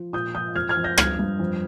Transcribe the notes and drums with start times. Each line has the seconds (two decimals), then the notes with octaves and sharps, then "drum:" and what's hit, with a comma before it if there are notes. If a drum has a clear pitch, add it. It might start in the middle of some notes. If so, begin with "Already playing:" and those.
Already playing: F3
0.13 A#2 D#6 G6
0.35 F3 D#6 G6
0.55 F2 F6 G#6
0.69 F6 G#6
0.77 F2
0.84 G6 A#6
0.98 G2 F6 G#6, drum: rim click
1.19 G2
1.39 F2